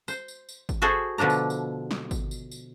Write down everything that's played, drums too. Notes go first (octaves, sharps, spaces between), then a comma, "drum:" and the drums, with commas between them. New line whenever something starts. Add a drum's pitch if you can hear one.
C5, drum: tambourine
drum: tambourine
drum: tambourine
drum: kick G#1, tambourine
F#4 G#4 A4 C5
B2 D3 F3 D4 A#5
drum: tambourine
drum: tambourine
drum: snare
drum: kick G#1, tambourine
drum: tambourine
drum: tambourine